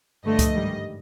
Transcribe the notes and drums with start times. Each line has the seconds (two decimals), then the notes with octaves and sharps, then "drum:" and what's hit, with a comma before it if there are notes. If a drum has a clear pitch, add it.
0.24 G2 D3 F3 A3 D#5
0.39 drum: kick C#2, hi-hat
0.53 G#2 D#3 G3